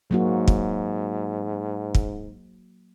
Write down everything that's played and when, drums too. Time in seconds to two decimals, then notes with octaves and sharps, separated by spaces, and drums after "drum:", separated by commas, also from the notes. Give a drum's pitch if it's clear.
0.11 G#2 F#3 A#3 F#4
0.48 drum: kick
1.95 drum: kick